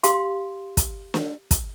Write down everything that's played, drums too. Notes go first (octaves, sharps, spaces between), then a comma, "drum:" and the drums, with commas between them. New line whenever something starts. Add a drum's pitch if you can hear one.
G4 F5 C6, drum: hi-hat
drum: kick, hi-hat
drum: snare
drum: kick, hi-hat